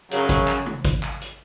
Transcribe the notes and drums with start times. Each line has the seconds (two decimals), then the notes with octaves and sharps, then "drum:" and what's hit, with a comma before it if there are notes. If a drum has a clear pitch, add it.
0.11 F#2 C#3 F#3, drum: hi-hat
0.29 drum: kick G#1, hi-hat
0.48 drum: clap
0.66 drum: tom C3
0.85 drum: kick G#1, hi-hat
1.03 drum: clap
1.21 drum: hi-hat